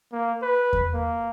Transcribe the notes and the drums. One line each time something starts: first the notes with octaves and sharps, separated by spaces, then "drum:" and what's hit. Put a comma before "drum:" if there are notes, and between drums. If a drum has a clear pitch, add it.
A#3
B4
drum: kick E2
A#3